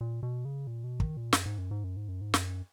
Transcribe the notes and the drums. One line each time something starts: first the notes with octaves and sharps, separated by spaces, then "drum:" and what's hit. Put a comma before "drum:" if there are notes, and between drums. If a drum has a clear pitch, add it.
A#2
B2
C#3
A#2
B2
D#3, drum: kick
A#2
F#2, drum: snare
G#2
F#2
G#2
F#2
G#2
F#2
G#2
F#2, drum: snare